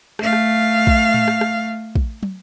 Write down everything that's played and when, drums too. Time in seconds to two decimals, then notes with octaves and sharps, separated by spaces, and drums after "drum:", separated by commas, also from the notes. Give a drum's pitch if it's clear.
0.19 A3 F5, drum: rim click
0.33 drum: rim click
0.87 drum: kick
1.14 drum: tom A2
1.28 drum: rim click
1.41 drum: rim click
1.95 drum: kick
2.23 drum: tom